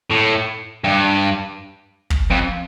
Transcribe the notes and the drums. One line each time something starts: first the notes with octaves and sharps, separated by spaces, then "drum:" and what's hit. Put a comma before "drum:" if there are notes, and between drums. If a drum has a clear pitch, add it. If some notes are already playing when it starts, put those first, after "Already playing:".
A2
G2
drum: kick
F2